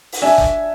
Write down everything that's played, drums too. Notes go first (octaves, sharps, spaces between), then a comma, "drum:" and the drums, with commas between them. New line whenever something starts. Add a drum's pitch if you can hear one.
drum: open hi-hat
D4 E5 G#5
drum: kick F#1